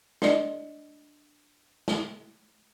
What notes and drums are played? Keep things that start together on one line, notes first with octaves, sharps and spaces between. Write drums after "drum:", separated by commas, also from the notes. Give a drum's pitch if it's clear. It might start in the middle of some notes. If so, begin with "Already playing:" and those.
D4 D5 D#5, drum: snare
drum: snare